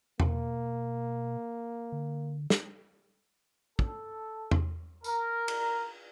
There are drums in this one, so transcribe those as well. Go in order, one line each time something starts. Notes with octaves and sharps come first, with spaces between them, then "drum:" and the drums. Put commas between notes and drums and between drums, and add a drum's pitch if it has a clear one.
B2 A#3, drum: tom E2
D3
drum: snare
A4, drum: kick
drum: tom E2
A#4, drum: tambourine
drum: cymbal